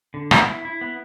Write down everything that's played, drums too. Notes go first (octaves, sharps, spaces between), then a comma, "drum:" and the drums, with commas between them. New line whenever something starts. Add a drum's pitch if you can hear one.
D3
B3, drum: rim click
E4
E4
B3